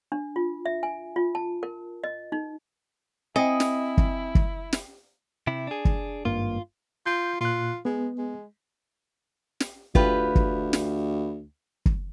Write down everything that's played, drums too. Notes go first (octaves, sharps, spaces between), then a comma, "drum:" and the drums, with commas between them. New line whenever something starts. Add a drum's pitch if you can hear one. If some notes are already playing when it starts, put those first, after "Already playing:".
D4
F4
E5
G#5
F4
A5
A#4
D#5
D#4
C4 E4 D#5 G5 G#5
drum: snare
drum: kick
drum: kick
drum: snare
C3 E4
D4 G#4
drum: kick
G#1 G2 A#3 F4
F4 G6
A#2 F4 F#6
G#3 B3
G#3
drum: snare
D2 F4 G4 B4, drum: kick
drum: kick
drum: snare
drum: kick